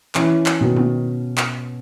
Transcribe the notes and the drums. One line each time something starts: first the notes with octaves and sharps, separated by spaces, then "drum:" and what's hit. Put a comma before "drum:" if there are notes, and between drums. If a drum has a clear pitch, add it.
E3 C#4, drum: clap
drum: clap
B2 D#3
drum: tom
drum: clap